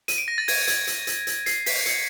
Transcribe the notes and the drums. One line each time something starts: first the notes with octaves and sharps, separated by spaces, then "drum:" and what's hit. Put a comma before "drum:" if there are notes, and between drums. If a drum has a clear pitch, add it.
D#7, drum: hi-hat
D7
A#6
A6
G#6, drum: open hi-hat
G#6, drum: hi-hat
drum: hi-hat
drum: hi-hat
drum: hi-hat
C7, drum: hi-hat
B6, drum: open hi-hat
C#7, drum: hi-hat